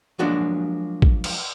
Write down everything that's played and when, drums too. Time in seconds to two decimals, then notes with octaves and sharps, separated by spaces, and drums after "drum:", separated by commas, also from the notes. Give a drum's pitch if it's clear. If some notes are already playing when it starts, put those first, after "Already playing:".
0.19 F3 F#3 G#3 A#3 D4 F#4
1.02 drum: kick
1.24 drum: cymbal